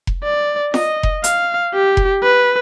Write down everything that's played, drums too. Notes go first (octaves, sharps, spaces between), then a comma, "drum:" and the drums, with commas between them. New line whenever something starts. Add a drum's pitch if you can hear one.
drum: kick F1
D5
D#5, drum: snare
drum: kick F1
F5, drum: hi-hat
G4
drum: kick F1
B4